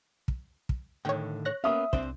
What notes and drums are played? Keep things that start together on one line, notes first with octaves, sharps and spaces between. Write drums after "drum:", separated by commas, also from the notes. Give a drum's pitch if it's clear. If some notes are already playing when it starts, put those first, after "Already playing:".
drum: kick
drum: kick
A2 D3 D#3 C#5 G5
C#5 F#6 A#6
A#3 B3 C#4 E5 D#6
C2 C4 D4 C5, drum: kick